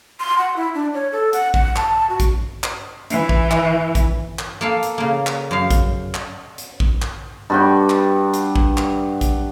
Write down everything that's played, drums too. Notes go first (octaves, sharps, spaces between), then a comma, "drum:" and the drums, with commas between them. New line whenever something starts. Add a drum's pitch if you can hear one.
C6
F#5
E4
D4
C#5
A4
F#5, drum: hi-hat
F#5, drum: kick A#1
A5, drum: clap
F#4
drum: kick A#1, hi-hat
drum: clap
E3, drum: hi-hat
drum: kick A#1
drum: clap
drum: kick A#1, hi-hat
drum: clap
A#3 A4 F5
drum: hi-hat
C#3 A#3
drum: clap
F#2 F5
drum: kick A#1, hi-hat
drum: clap
drum: hi-hat
drum: kick A#1
drum: clap
G2 F#4 G5
drum: clap
drum: hi-hat
drum: kick A#1
drum: clap
drum: kick A#1, hi-hat